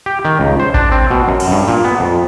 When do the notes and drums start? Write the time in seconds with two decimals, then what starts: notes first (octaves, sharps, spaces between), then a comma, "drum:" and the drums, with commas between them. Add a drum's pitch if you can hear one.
0.06 G4
0.25 D#3
0.40 C#2
0.60 C5
0.74 D4, drum: kick A1
0.92 C4
1.10 B2
1.28 F#2
1.40 drum: cymbal
1.51 G2
1.68 A#2
1.84 B3
2.00 F2